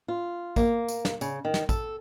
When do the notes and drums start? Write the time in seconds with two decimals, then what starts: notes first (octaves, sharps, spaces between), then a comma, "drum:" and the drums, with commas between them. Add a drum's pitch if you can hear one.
0.08 F4
0.56 A#3, drum: kick, tambourine
0.88 drum: tambourine
1.05 drum: snare
1.21 C#3, drum: tambourine
1.45 D#3
1.54 drum: snare
1.69 A4, drum: kick, tambourine